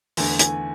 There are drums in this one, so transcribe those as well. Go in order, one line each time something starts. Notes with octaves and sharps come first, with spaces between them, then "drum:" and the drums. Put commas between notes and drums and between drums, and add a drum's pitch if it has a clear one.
E2 D3 A3 G#5, drum: open hi-hat
G#5, drum: hi-hat